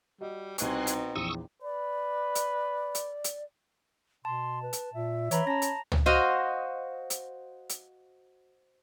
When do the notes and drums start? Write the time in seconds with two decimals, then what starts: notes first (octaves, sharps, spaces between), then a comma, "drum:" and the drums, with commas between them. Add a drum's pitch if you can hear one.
0.21 G3 F#4 D#5
0.58 C2 B2 C4 D#4 G#5 C6 C#6 F#6, drum: hi-hat
0.87 drum: hi-hat
1.16 A#1 E2 C#6 D#6 E6
1.62 B4 D5
2.35 drum: hi-hat
2.95 drum: hi-hat
3.24 drum: hi-hat
4.25 B2 A5 C6
4.63 B4
4.73 drum: hi-hat
4.94 A#2 E5
5.31 E3 C#5 A#5 B5, drum: hi-hat
5.47 C#4 A5 A#5 A#6
5.62 drum: hi-hat
5.92 drum: tom
6.06 F#4 C5 D#5 F5
7.10 drum: hi-hat
7.70 drum: hi-hat